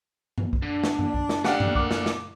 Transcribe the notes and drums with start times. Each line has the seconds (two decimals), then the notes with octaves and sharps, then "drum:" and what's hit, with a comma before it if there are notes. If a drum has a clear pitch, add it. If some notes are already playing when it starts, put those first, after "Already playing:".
0.38 drum: tom F#2
0.53 drum: kick
0.62 D3 D4
0.83 drum: snare
0.99 drum: tom F#2
1.14 drum: kick
1.29 drum: snare
1.45 A3 D4 G4 D5 F5 F#5, drum: snare
1.60 drum: tom F#2
1.75 A#3 D6, drum: kick
1.91 drum: snare
2.06 drum: snare